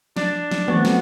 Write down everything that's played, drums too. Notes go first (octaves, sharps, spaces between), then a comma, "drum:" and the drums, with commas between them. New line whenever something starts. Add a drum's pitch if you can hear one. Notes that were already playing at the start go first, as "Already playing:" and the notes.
D4, drum: snare
drum: snare
A3 B3 C4 F#4, drum: tom D#3
drum: snare